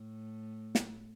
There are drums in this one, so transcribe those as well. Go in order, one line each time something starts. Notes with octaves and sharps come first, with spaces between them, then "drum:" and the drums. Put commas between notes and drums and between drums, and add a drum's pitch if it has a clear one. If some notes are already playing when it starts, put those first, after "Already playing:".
Already playing: A2
drum: snare